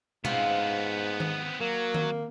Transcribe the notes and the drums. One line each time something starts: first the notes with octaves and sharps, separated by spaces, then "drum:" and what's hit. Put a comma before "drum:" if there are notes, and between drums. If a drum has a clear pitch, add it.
G#2 B3 C4 F4, drum: tom B2
drum: tom D#3
F#3 A#3
drum: tom D#3